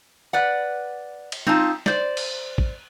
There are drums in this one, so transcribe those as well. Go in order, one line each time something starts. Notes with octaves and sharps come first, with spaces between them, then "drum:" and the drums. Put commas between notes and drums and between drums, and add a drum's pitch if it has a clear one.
B4 D5 F#5
drum: cymbal
C4 D#4 F4 A5, drum: tom
C5 D5, drum: snare
drum: cymbal
drum: kick A1